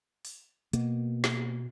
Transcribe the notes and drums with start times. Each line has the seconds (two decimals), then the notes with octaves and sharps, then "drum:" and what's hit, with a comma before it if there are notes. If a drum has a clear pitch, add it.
0.25 drum: open hi-hat
0.73 B2 A#3, drum: hi-hat
1.24 drum: snare